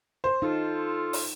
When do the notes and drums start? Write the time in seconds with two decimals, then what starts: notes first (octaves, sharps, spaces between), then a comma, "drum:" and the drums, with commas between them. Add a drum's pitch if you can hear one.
0.24 C5
0.42 D#4 F4 A4
1.13 drum: open hi-hat